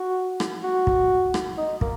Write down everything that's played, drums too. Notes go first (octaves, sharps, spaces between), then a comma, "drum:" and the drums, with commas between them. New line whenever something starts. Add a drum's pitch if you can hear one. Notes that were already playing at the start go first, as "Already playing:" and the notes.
Already playing: F#4
drum: rim click
F#4
drum: kick
drum: rim click
D#4
A#3, drum: kick